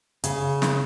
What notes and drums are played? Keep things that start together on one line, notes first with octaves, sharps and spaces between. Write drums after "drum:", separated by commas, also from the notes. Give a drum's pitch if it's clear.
C#3, drum: hi-hat
drum: snare